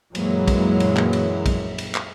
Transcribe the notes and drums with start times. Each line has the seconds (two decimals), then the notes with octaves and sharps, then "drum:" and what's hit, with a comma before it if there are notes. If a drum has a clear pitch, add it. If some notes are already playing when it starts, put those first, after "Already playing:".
0.15 F#2 A#2 E3 F#3 G#3 A#3, drum: cymbal
0.48 drum: kick, cymbal
0.80 drum: cymbal
0.97 drum: clap
1.13 drum: cymbal
1.46 drum: kick, cymbal
1.78 drum: cymbal
1.95 drum: clap